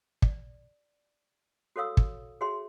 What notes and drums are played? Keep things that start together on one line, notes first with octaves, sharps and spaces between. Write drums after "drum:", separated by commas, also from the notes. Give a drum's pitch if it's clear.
D5, drum: kick
F#4 A4 C#5 F5 D#6 E6
drum: kick
F#4 G#4 C#5 E5 C6